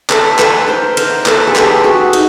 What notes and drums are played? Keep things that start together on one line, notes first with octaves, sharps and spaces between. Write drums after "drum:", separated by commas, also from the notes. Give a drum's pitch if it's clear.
A4 B4, drum: clap
A4 B4, drum: clap
A#4 C5
A#4 C5, drum: cymbal
A4 B4, drum: clap
G#4
G4 A4, drum: clap
F#4 G#4
D#4, drum: cymbal